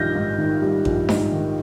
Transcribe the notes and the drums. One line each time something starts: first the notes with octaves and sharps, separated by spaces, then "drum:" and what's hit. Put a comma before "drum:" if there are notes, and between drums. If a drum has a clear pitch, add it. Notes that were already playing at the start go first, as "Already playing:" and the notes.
Already playing: A#1 D#3 G3 G6 A#6
G#2
D#3
G3
A#1, drum: kick A1
G#2, drum: snare D4
D#3